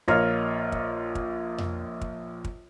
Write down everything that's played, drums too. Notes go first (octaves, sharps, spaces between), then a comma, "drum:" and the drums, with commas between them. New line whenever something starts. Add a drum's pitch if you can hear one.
A#1 F4 A#4 C#5 D#5 F6
drum: kick
drum: kick
drum: tom F2
drum: kick
drum: kick